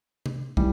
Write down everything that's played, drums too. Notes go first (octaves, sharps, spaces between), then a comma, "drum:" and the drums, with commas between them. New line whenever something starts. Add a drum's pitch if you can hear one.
drum: tom C3
E3 G3, drum: kick